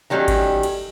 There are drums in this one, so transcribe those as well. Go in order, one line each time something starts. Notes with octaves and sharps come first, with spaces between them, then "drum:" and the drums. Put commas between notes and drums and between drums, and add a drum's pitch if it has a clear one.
D#3 F#3 G3 A3 C#4 D#4
drum: kick G#1, cymbal
drum: cymbal